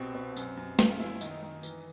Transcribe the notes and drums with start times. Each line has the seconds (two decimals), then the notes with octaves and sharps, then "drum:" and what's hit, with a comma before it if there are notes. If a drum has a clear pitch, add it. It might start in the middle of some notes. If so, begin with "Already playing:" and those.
Already playing: C2 B2 C4
0.15 B2
0.36 F#2, drum: tambourine
0.57 F#2
0.79 F#2 F4, drum: snare
0.99 F#2 E4
1.21 D#3 D#4, drum: tambourine
1.43 D#3
1.63 E3, drum: tambourine